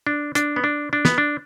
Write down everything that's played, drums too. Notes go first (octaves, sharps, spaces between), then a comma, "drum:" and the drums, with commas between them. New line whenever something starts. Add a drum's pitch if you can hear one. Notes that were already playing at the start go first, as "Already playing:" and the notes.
D4
D4, drum: hi-hat
B3
D4
D4
B3, drum: snare
D4